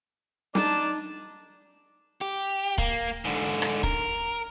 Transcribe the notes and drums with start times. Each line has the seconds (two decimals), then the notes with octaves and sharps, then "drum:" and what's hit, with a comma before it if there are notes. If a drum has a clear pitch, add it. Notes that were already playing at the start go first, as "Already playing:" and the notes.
0.55 D4 D#4 A5, drum: snare
2.21 G4
2.78 A#3, drum: kick
3.25 G#2 D3
3.62 drum: rim click
3.83 A#4, drum: kick